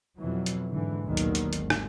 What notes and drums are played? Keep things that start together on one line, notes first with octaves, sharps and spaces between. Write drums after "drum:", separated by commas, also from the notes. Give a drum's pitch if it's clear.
F2 B2 E3 F#3
drum: hi-hat
G#2 D3 E3
A#1 D#2 B2 D3 D#3 F#3
drum: hi-hat
drum: hi-hat
G#1, drum: hi-hat
drum: rim click